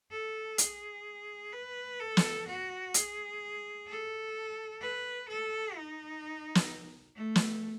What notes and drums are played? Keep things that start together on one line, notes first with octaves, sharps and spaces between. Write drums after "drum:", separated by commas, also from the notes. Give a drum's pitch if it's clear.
A4
G#4, drum: hi-hat
B4
A4
drum: snare
F#4
G#4, drum: hi-hat
A4
B4
A4
D#4
drum: snare
A3
drum: snare